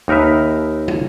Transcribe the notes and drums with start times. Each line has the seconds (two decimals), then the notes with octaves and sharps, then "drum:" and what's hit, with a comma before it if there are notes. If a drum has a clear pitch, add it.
0.08 D#2 D#4 A#4 B4 E5
0.88 drum: tom